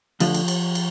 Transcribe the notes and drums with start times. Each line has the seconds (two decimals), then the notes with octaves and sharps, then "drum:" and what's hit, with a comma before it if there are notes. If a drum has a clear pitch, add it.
0.20 D2 D3 F3, drum: cymbal
0.34 drum: cymbal
0.48 drum: cymbal
0.75 drum: cymbal